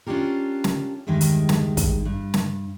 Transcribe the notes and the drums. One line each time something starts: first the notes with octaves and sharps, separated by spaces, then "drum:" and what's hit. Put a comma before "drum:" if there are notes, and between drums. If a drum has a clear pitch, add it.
C#4 D4 F4 G4 A#4
drum: snare
E2 G2 D#3 G#3 G4
drum: hi-hat
drum: snare
drum: kick, hi-hat
G2
drum: snare